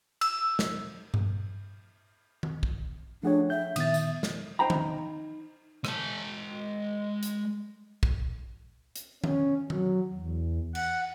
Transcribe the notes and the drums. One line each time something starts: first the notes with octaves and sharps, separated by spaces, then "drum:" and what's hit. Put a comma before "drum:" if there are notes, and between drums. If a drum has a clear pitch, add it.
E6, drum: cymbal
drum: snare
drum: tom G2
drum: tom D#3
drum: kick
F3 A3 D4 G#4 C#5 F#5 G5
E5 G6
A#2 D#3 B3 D#6 A6, drum: cymbal
drum: tambourine
drum: snare
D#4 C5 G5 A#5 B5
drum: tom D#3
G#3 A5, drum: rim click
drum: hi-hat
drum: kick
drum: hi-hat
C#4, drum: tom D#3
F#3, drum: tom D#3
E2
F#5, drum: cymbal